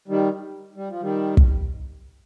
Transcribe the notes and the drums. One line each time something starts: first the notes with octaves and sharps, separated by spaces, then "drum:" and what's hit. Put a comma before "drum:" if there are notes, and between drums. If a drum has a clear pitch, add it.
D#3 G3
G3
F3
D#3 G3
drum: kick